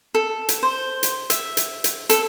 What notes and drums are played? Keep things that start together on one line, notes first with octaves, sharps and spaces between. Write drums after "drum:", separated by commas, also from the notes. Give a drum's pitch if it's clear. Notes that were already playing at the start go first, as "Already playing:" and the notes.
A4
drum: hi-hat
C5
drum: hi-hat
E5, drum: hi-hat
drum: hi-hat
drum: hi-hat
A4, drum: hi-hat